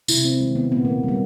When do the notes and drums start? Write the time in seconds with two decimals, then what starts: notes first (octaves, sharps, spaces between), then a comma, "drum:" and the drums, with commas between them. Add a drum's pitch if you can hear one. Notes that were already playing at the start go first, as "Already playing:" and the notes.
0.08 C3 E4, drum: tambourine
0.25 C4
0.41 D#3 G#3
0.56 B3
0.72 A#2 B3
0.85 A#3
1.03 G3 A#3